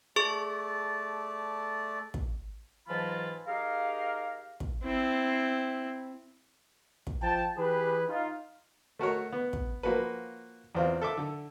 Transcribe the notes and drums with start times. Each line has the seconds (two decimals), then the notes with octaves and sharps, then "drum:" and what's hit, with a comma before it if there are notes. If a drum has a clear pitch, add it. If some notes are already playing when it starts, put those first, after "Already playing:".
0.16 A3 G#4 D5 A5 C#6
2.14 drum: kick
2.88 G#2 E3 F#3 F4 A5 B5
3.47 D#4 G4 G#4 A#4 F5
4.60 drum: kick
4.83 C4 E4
7.07 drum: kick
7.22 F3 G5 A5
7.57 E3 G4 G#4 B4
8.08 D#4 F4
8.99 A3 F#4 A#4 C#5
9.32 B3
9.53 drum: kick
9.83 F3 A#3 F#4 B4
10.75 E2 C4 F4
11.01 A4 E5 D6
11.17 D3